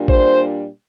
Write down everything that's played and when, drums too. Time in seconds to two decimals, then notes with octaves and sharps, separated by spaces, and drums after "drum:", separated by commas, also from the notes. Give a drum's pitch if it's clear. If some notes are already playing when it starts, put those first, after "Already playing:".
Already playing: A#2 G3 D4
0.08 C5, drum: kick A1